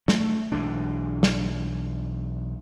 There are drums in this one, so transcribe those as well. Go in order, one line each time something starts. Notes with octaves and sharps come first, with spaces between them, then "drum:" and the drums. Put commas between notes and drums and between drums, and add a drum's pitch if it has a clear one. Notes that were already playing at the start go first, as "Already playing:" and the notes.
A3, drum: snare
B1 E3 G#3 D4
drum: snare